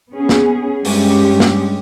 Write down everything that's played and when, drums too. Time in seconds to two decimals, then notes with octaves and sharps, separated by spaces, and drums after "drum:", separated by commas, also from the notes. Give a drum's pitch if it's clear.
0.12 B3 C#4 G#4
0.29 drum: snare
0.85 G2 G#3 C#4 G4, drum: open hi-hat
1.40 drum: snare